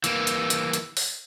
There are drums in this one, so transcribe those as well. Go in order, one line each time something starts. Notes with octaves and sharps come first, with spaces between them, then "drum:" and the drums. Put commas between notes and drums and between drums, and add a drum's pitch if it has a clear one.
E3 A#3, drum: hi-hat
drum: hi-hat
drum: hi-hat
drum: hi-hat
drum: open hi-hat